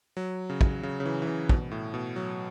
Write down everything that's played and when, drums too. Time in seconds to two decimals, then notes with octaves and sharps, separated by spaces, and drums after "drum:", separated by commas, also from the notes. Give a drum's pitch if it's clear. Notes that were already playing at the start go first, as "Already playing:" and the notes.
0.17 F#3
0.50 C#3
0.61 drum: kick
0.83 C#3
1.00 C#3
1.05 E3
1.22 E3
1.27 C#3
1.49 B2, drum: kick
1.71 A2
1.94 B2
2.16 F#3